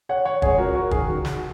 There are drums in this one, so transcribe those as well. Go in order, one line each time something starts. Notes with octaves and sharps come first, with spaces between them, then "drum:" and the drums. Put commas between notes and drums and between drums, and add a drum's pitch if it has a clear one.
C#5 F#5
C#5 F#5
C#2 C#3 G#4 C#5, drum: kick
F#4 A#4
F#4 A#4
F#2 D#3 G#4, drum: kick
F#4
F#4, drum: snare